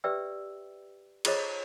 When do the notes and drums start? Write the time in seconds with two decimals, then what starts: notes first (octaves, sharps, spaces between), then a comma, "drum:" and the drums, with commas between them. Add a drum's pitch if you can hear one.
0.04 G4 B4 D5 E5 G5 E6
1.25 F4 G#4 A4 C5 C#5 D#5, drum: cymbal